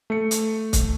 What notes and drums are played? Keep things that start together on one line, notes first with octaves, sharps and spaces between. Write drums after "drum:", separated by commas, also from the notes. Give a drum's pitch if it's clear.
A3 C#7
drum: hi-hat
drum: kick, hi-hat